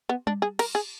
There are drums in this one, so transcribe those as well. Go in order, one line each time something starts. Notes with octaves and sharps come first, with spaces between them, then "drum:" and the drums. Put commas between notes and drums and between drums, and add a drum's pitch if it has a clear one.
B3
D4, drum: tom G3
G#4
A#4, drum: cymbal
G#4